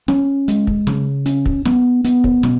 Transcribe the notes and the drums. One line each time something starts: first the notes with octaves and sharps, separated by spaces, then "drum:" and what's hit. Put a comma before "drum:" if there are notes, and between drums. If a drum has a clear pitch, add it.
C#4, drum: snare
G#3, drum: hi-hat
drum: kick
C#3, drum: snare
C#4, drum: hi-hat
drum: kick
B3, drum: snare
B3, drum: hi-hat
drum: kick
B2, drum: snare